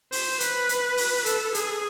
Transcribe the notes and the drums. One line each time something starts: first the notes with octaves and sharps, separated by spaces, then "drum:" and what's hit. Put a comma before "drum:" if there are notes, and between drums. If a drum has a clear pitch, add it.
C5, drum: open hi-hat
B4, drum: hi-hat
drum: hi-hat
drum: open hi-hat
A4, drum: hi-hat
G#4, drum: hi-hat